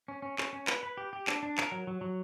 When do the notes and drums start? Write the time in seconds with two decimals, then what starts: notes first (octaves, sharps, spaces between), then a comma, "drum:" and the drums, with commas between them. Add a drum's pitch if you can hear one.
0.08 C#4
0.22 C#4
0.38 C#4, drum: clap
0.53 C#4
0.67 B4, drum: clap
0.83 B4
0.97 G4
1.13 G4
1.27 D4, drum: clap
1.43 D4
1.58 A#4, drum: clap
1.72 F#3
1.87 F#3
2.01 F#3